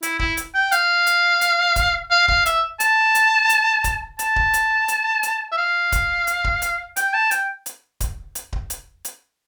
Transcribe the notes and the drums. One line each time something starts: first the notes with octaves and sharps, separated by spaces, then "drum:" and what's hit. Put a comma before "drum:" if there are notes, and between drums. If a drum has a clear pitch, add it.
E4, drum: hi-hat
E4, drum: kick D1
drum: hi-hat
G5
F5, drum: hi-hat
drum: hi-hat
drum: hi-hat
drum: kick D1, hi-hat
F5
F5, drum: kick D1
E5, drum: hi-hat
A5, drum: hi-hat
drum: hi-hat
drum: hi-hat
drum: kick D1, hi-hat
A5, drum: hi-hat
drum: kick D1
drum: hi-hat
drum: hi-hat
drum: hi-hat
E5
F5
drum: kick D1, hi-hat
drum: hi-hat
drum: kick D1
drum: hi-hat
G5, drum: hi-hat
A5
G5, drum: hi-hat
drum: hi-hat
drum: kick D1, hi-hat
drum: hi-hat
drum: kick D1
drum: hi-hat
drum: hi-hat